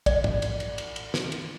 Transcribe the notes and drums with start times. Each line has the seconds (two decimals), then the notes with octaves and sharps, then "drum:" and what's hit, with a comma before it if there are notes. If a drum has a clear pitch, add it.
0.06 D5, drum: kick, cymbal
0.24 drum: tom
0.42 drum: cymbal
0.60 drum: cymbal
0.78 drum: cymbal
0.96 drum: cymbal
1.14 drum: snare
1.32 drum: cymbal